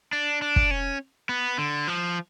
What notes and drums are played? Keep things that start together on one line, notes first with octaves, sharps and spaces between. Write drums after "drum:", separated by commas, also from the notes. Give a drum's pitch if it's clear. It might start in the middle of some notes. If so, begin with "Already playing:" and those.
D4
D4
drum: kick
C#4
B3
D3
F3